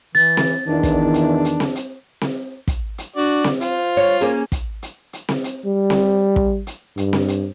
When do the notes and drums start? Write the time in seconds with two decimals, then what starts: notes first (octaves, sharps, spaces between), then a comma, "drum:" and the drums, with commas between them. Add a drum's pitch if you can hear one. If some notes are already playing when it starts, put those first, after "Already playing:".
0.15 E3 A6
0.37 drum: snare C4
0.68 E2 D#3 D4
0.83 drum: kick, hi-hat
1.14 drum: hi-hat
1.45 drum: hi-hat
1.60 drum: snare C4
1.75 drum: hi-hat
2.21 drum: snare C4
2.68 drum: kick, hi-hat
2.98 drum: hi-hat
3.16 D4 F#4 D5
3.44 drum: snare C4
3.61 F4 C5, drum: hi-hat
3.97 C#5
4.21 A#3 C#4 G#4
4.52 drum: kick, hi-hat
4.82 drum: hi-hat
5.13 drum: hi-hat
5.29 drum: snare C4
5.44 drum: hi-hat
5.66 G3
5.90 drum: snare C4
6.36 drum: kick
6.67 drum: hi-hat
6.97 G2, drum: hi-hat
7.13 drum: snare C4
7.28 drum: hi-hat